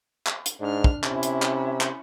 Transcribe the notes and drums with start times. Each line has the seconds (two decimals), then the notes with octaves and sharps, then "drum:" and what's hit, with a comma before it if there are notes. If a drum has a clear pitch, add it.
0.27 drum: clap
0.46 drum: hi-hat
0.60 G#2 D4 F6
0.84 drum: kick
1.04 C3 C#4 E4, drum: clap
1.23 drum: hi-hat
1.42 drum: clap
1.81 drum: clap